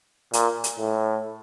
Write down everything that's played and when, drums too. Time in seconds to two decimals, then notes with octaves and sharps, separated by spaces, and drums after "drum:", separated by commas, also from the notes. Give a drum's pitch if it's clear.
0.33 A#2, drum: hi-hat
0.64 drum: hi-hat
0.79 A2